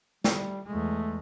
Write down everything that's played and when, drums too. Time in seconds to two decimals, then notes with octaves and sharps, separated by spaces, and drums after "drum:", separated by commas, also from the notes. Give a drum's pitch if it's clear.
0.24 G3, drum: snare
0.66 E2 G#3 A3